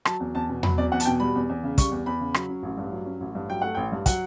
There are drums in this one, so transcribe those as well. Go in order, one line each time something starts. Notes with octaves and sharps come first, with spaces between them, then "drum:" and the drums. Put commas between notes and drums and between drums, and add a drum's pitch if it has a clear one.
F#3 A5, drum: rim click
E2
E2 A5
B2
F#3 B5, drum: tom E2
E2 D5
E2 F#5
A5, drum: hi-hat
B2 G5
G3 B5
E2
E2
C#3
G3 C#6, drum: kick, hi-hat
E2
E2 B5
C#3
F#3, drum: rim click
C#4
A1
G2
F#3
C#4
A1
G2
F#3 G5
A3 F#5
A1 G5
G2
F#3 F#5, drum: kick, hi-hat